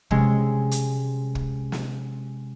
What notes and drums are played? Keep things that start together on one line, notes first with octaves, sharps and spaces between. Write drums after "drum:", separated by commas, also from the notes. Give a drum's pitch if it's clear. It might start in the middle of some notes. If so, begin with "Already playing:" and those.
C3 G#3 C#4, drum: kick
drum: hi-hat
drum: kick
drum: snare